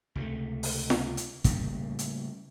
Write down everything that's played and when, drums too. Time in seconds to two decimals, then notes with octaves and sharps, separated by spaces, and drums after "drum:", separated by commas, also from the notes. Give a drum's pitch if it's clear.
0.15 C#2 C3 E3 A3
0.63 drum: open hi-hat
0.90 drum: snare F4
1.17 drum: hi-hat
1.44 A2 C#3 G3 A#3, drum: kick G#1, hi-hat
1.99 drum: hi-hat